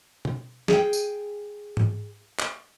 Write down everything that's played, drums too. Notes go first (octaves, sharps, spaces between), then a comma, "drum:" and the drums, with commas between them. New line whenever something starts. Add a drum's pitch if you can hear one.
drum: tom B2
G#4 G5, drum: snare
drum: tambourine
drum: tom G#2
drum: clap